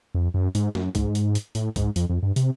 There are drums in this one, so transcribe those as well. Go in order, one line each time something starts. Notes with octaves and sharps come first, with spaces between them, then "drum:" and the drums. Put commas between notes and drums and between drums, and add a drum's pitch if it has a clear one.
F2
F#2
G#2, drum: hi-hat
F#2, drum: snare
G#2, drum: kick C2, hi-hat
drum: hi-hat
drum: hi-hat
A2, drum: hi-hat
G#2, drum: kick C2, hi-hat
F2, drum: hi-hat
F2
G2
C3, drum: hi-hat